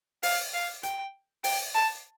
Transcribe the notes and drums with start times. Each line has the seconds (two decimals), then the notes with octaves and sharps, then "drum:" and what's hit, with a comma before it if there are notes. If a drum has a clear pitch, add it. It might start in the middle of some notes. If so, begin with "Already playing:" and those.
0.23 F5, drum: open hi-hat
0.53 F5
0.83 G5, drum: hi-hat
1.44 G5, drum: open hi-hat
1.75 A5